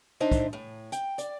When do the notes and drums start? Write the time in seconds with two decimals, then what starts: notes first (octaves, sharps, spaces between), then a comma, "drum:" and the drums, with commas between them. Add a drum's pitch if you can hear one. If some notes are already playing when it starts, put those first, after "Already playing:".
0.20 D4 D#4 C5 E5
0.32 drum: kick, hi-hat
0.53 A2
0.92 G5, drum: hi-hat
1.18 D5, drum: hi-hat